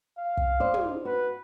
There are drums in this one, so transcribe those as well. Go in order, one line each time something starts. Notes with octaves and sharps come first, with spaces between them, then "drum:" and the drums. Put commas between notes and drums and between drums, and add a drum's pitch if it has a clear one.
F5
drum: kick
C5 D5 D#5
drum: tom
F#4 B4